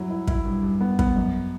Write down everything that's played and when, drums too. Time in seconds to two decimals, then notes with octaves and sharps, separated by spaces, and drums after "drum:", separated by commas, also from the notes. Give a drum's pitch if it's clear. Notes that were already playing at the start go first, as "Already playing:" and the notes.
Already playing: G2 F#3 E4
0.10 E4
0.27 E4, drum: kick
0.45 G2
0.63 G2
0.81 B3
0.99 B3, drum: kick
1.16 F#2